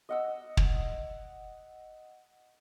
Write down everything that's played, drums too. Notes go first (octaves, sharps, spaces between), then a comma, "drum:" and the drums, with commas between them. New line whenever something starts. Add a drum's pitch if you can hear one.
D#5 F#5 E6
drum: kick